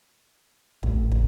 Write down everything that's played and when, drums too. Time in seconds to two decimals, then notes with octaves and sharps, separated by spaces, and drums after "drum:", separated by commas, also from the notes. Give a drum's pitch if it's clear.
0.83 A1, drum: kick
1.12 drum: kick